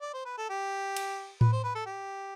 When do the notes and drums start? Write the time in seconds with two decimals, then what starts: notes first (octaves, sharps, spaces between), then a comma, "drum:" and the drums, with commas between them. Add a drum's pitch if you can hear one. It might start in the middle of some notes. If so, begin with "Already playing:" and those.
0.01 D5
0.13 C5
0.25 B4
0.38 A4
0.49 G4
0.97 drum: cymbal
1.41 B4, drum: tom A2
1.52 C5
1.64 B4
1.75 A4
1.86 G4